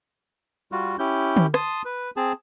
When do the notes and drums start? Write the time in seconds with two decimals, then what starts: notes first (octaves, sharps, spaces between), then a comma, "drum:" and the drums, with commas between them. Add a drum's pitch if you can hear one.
0.72 G3 F4 F#4
0.99 C#4 E4 G4 G6
1.37 drum: tom
1.54 A5 C6 D#6, drum: rim click
1.85 B4
2.17 C4 G#4 A5